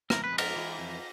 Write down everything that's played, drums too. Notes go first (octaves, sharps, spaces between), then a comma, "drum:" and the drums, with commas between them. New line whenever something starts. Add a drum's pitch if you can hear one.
F2 A#4, drum: rim click
B4
G#3
A#4, drum: cymbal
E3
F2